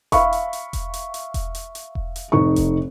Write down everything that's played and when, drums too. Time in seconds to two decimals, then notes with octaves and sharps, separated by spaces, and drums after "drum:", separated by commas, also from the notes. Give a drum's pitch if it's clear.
0.12 E5 F5 B5 C#6, drum: kick E1, hi-hat
0.33 drum: hi-hat
0.53 drum: hi-hat
0.73 drum: kick E1, hi-hat
0.94 drum: hi-hat
1.14 drum: hi-hat
1.34 drum: kick E1, hi-hat
1.55 drum: hi-hat
1.75 drum: hi-hat
1.95 drum: kick E1
2.16 drum: hi-hat
2.32 F1 D#4 C#6
2.56 drum: kick E1, hi-hat